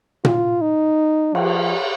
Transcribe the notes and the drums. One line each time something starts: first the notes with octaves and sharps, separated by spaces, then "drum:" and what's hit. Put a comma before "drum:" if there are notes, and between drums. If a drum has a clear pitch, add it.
F4, drum: tom A#2
D#4
F3, drum: cymbal